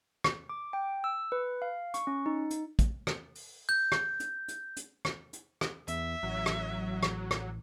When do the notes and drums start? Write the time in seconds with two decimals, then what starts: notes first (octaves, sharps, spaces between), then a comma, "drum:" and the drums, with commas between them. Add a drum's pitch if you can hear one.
0.24 drum: rim click
0.49 D6
0.73 G5
1.04 E6
1.32 B4
1.62 F5
1.94 C#6, drum: hi-hat
2.07 C#4
2.26 D#4
2.50 drum: hi-hat
2.79 drum: kick, hi-hat
3.07 drum: rim click
3.35 drum: open hi-hat
3.69 G6
3.92 drum: rim click
4.20 drum: hi-hat
4.48 drum: hi-hat
4.77 drum: hi-hat
5.05 drum: rim click
5.33 drum: hi-hat
5.61 drum: rim click
5.88 E2 E5, drum: hi-hat
6.23 A1 F#3
6.46 drum: rim click
7.03 drum: rim click
7.31 drum: rim click